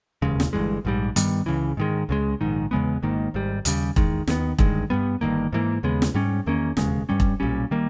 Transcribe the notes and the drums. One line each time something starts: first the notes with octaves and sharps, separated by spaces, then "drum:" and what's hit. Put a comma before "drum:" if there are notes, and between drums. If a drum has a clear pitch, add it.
E1 D#2 C#3 G#3
drum: snare
G1 G2 E3 G#3
A#1 G#2 G3
G2 D#3 G3 B3, drum: hi-hat
C#2 C#3 E3
G#2 D#3 G#3
C#2 C#3 G#3
A#1 G#2 D#3
E2 C#3 G#3 B3
G#1 G#2 D#3 A#3
G#1 G#2 G3
D#2 C#3 G3, drum: hi-hat
E2 D#3 G#3, drum: kick E1
D#2 D#3 G#3 B3, drum: snare
G1 G2 D#3 G#3, drum: kick E1
G2 G3 B3
G1 G2 D#3 A#3
G#2 E3 A#3
D#2 C#3 G#3 B3
drum: snare
G#2 G3 C#4
E2 D#3 A#3 C#4
E1 D#2 C#3 G#3, drum: snare
G2 G3 C#4
drum: kick E1
B1 A#2 G3 C#4
D#3 G3 A#3